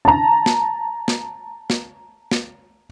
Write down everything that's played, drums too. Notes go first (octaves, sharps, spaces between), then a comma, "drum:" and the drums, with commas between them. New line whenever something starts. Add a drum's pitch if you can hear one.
A5 A#5
drum: snare
drum: snare
drum: snare
drum: snare